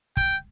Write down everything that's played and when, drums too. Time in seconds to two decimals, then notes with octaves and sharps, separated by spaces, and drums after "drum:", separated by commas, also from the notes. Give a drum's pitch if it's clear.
0.17 G5, drum: kick